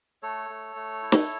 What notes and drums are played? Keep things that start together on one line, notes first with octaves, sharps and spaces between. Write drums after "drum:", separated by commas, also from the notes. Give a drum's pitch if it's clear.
A3 A4 C#5
A3
A3
E4
drum: snare